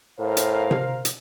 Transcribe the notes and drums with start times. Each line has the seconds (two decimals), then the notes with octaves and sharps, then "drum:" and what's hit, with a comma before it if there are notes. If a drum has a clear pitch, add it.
0.20 A2 A#4 C5 F5
0.37 drum: hi-hat
0.71 drum: tom C3
1.05 drum: hi-hat